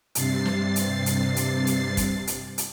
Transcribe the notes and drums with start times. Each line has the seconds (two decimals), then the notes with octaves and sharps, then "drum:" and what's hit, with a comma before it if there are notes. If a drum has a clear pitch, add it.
0.15 G2 C3 A6 C7, drum: hi-hat
0.45 drum: snare
0.76 drum: hi-hat
1.06 drum: hi-hat
1.36 drum: hi-hat
1.67 drum: hi-hat
1.97 drum: kick, hi-hat
2.27 drum: hi-hat
2.58 drum: hi-hat